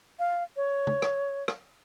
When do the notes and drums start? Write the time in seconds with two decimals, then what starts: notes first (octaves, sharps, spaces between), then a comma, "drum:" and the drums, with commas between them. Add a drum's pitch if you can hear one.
0.19 F5
0.57 C#5
0.87 drum: tom
1.02 drum: rim click
1.48 drum: rim click